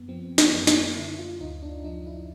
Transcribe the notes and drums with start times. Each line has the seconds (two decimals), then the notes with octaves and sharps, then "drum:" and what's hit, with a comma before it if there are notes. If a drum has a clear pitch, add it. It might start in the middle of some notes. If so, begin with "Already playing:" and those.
Already playing: F#2 B3
0.08 F3 C4
0.38 B3, drum: snare
0.52 F#2
0.67 A#3, drum: snare
0.97 D3 E4
1.18 F4
1.41 D2 D#4
1.63 D4
1.84 F3 D#4
2.07 E4